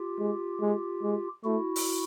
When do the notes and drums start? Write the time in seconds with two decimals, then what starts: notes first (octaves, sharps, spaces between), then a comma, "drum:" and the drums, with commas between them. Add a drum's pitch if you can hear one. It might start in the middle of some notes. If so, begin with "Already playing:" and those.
Already playing: F4 G4
0.19 G#3
0.61 G#3
1.03 G#3
1.44 A3 E4 F#4
1.76 drum: open hi-hat